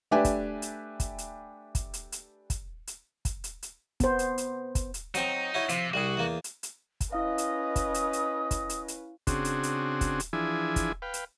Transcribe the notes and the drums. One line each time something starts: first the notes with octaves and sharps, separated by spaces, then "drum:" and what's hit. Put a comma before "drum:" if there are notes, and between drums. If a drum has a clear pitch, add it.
A3 D4 G4 B4 E5 G#5
drum: kick, hi-hat
drum: hi-hat
drum: kick, hi-hat
drum: hi-hat
drum: kick, hi-hat
drum: hi-hat
drum: hi-hat
drum: kick, hi-hat
drum: hi-hat
drum: kick, hi-hat
drum: hi-hat
drum: hi-hat
B3 C5, drum: kick, hi-hat
drum: hi-hat
drum: hi-hat
drum: kick, hi-hat
drum: hi-hat
F#3 C4 D#4 C#6, drum: hi-hat
E4 F#4 C#5
C3 F3, drum: hi-hat
C2 G3 F#4 G#4
E2 A#3
drum: hi-hat
drum: hi-hat
drum: kick, hi-hat
C#4 E4 B4 D#5 F5 D#6
drum: hi-hat
drum: kick, hi-hat
drum: hi-hat
drum: hi-hat
drum: kick, hi-hat
drum: hi-hat
drum: hi-hat
C#3 C4 D4 F#4 G#4, drum: kick, hi-hat
drum: hi-hat
drum: hi-hat
drum: kick, hi-hat
drum: hi-hat
E3 F3 D4 E4 G#4 G#5
drum: kick, hi-hat
B4 F5 G5
drum: hi-hat